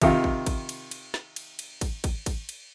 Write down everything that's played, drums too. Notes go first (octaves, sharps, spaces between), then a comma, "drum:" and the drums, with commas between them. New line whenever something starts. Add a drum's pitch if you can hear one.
C3 D#3 F4, drum: kick, cymbal
drum: kick
drum: kick, cymbal
drum: cymbal
drum: cymbal
drum: snare
drum: cymbal
drum: cymbal
drum: kick, cymbal
drum: kick, cymbal
drum: kick, cymbal
drum: cymbal